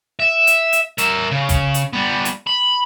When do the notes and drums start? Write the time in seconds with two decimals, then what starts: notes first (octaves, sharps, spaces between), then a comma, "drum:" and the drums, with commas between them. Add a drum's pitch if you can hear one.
0.19 E5
0.47 drum: hi-hat
0.73 drum: hi-hat
0.98 A#4 E5, drum: hi-hat
1.31 C#3
1.49 drum: kick, hi-hat
1.74 drum: hi-hat
1.93 G3 B3
2.25 drum: hi-hat
2.47 B5